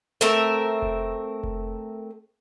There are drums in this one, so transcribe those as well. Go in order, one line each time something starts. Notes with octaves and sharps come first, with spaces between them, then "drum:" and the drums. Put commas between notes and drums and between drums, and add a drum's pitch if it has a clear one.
A3 C4 A#4 E5
drum: kick F1
drum: kick F1